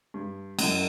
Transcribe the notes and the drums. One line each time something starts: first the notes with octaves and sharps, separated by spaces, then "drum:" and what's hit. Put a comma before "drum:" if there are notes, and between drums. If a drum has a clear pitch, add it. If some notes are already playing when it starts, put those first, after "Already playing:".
G2
F#2, drum: cymbal